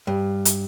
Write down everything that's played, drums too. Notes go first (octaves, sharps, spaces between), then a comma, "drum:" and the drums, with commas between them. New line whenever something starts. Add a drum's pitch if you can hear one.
G2
drum: hi-hat